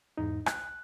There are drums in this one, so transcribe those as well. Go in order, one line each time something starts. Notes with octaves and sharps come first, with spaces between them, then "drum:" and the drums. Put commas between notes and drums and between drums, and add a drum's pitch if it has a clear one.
E2 G#2 D#4
F#6, drum: rim click